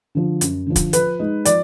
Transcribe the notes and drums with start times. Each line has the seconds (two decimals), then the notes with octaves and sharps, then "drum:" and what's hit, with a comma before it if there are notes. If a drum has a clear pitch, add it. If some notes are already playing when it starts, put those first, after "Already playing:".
0.15 D3 F3
0.41 F#2, drum: hi-hat
0.66 D3 F3
0.76 drum: kick, hi-hat
0.93 F3 B4, drum: hi-hat
1.19 G#3 D#4
1.45 F3 D5, drum: hi-hat